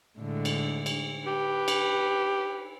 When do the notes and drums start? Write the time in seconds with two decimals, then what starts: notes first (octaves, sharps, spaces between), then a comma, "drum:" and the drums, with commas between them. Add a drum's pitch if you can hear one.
0.18 A2 D3 G#3
0.45 drum: cymbal
0.86 drum: cymbal
1.27 G4 B4
1.68 drum: cymbal